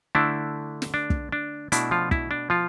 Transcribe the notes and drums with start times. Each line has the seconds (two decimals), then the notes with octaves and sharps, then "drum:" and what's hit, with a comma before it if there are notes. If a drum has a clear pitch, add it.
0.15 D3 A3 D4 E4
0.82 drum: snare
0.94 D4
1.10 drum: kick
1.32 D4
1.72 B2 A3 D4 E4, drum: hi-hat
1.91 F3 F4
2.11 E4, drum: kick
2.31 D4
2.50 F3 F4